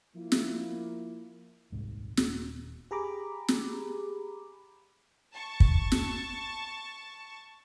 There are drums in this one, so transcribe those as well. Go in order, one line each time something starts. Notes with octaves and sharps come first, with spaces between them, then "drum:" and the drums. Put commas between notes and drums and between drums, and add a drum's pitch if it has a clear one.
F3 A#3 E4
drum: snare
D#1 C2 G#2
D#1, drum: snare
G4 G#4 A#5 B5 D6
drum: snare
A5 C#6 A6
drum: kick
drum: snare